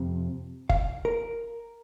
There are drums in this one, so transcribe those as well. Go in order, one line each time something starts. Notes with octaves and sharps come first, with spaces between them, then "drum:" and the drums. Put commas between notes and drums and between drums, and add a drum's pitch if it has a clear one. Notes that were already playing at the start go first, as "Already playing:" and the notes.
Already playing: F2 C3
F5, drum: kick F#1
A#4